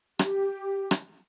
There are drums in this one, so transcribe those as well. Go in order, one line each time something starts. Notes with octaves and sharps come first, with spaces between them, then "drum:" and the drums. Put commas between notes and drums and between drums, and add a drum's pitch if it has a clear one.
G4, drum: rim click
drum: rim click